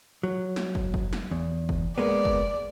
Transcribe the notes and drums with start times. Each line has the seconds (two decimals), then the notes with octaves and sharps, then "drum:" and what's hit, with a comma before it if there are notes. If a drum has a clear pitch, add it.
0.23 F#3
0.56 drum: snare
0.75 drum: kick
0.94 drum: kick
1.13 drum: snare
1.31 E2
1.69 drum: kick
1.98 G#3 A#3 B3 D5
2.25 drum: kick